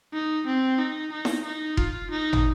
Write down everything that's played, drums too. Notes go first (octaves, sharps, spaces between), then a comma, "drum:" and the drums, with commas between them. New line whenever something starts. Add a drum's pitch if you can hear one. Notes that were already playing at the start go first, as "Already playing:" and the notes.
D#4
C4
D#4
D#4
drum: snare E4
D#4
F4, drum: kick F1
D#4
drum: tom